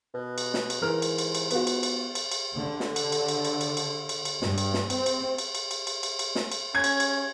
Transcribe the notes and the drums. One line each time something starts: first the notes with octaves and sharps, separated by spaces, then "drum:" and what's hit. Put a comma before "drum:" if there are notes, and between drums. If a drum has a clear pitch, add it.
B2
drum: cymbal
drum: snare
drum: cymbal
G#2 E3 A#4 F6
drum: cymbal
drum: cymbal
drum: cymbal
B3 F4 F#4, drum: cymbal
drum: cymbal
drum: cymbal
drum: cymbal
drum: cymbal
D3
drum: snare
drum: cymbal
drum: cymbal
drum: cymbal
drum: cymbal
drum: cymbal
drum: cymbal
drum: cymbal
drum: cymbal
G2, drum: snare
drum: cymbal
drum: snare
C4, drum: cymbal
drum: cymbal
drum: cymbal
drum: cymbal
drum: cymbal
drum: cymbal
drum: cymbal
drum: cymbal
drum: snare
drum: cymbal
C#4 G#6
drum: cymbal
drum: cymbal